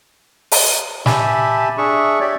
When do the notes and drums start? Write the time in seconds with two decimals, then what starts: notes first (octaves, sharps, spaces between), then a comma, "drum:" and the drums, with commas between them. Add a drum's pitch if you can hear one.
0.52 drum: open hi-hat
1.06 G4 E5 G#5 A5 B5, drum: snare
1.78 D4 G#4 E5 C#6
2.21 G4 C#5 D5 E5